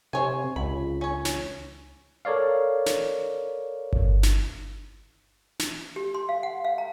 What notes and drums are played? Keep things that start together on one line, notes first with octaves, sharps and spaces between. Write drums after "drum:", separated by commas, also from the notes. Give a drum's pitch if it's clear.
C3 C5 C#5 G#5
C#2 B5
C#4 C#5
drum: snare
A4 A#4 C#5 D5 F5
drum: snare
drum: kick G1
drum: snare
drum: snare
G4
C6
F5
F#5
F5
A#5